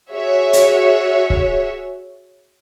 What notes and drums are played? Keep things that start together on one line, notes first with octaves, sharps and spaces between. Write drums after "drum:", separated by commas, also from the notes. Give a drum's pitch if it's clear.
F#4 G#4 C#5 E5
drum: hi-hat
drum: kick C#1